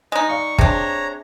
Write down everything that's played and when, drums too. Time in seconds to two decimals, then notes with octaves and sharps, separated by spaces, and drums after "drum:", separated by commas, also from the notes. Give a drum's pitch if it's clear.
0.12 G#3 D#4 D#5
0.29 D5 F5 C#6
0.58 C3 D4 G#4 C#5 A#5, drum: kick